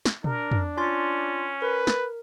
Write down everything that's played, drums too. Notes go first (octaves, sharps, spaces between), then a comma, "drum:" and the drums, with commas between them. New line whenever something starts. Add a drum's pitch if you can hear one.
drum: snare
D4 A#4, drum: tom
drum: tom
C#4 F4 C6 A6
A#4 B4
drum: snare